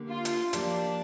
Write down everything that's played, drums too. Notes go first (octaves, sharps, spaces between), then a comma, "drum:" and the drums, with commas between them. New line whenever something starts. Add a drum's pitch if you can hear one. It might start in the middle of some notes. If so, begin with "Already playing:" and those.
Already playing: D3 A#3 G4
F4
drum: hi-hat
F3 A#3 D4 G4, drum: hi-hat